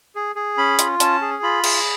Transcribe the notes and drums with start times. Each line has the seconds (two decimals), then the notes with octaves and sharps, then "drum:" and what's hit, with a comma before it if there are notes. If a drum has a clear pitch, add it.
0.15 G#4
0.36 G#4
0.57 C#4 B5
0.79 F4, drum: hi-hat
1.00 C#4 A5, drum: hi-hat
1.22 G#4
1.43 F4 B5
1.64 G#4, drum: cymbal